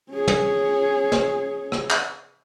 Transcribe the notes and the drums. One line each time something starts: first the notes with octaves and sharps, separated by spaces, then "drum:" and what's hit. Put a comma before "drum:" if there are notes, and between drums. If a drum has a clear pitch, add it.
C#4 G#4
drum: tom
drum: snare
drum: rim click
drum: clap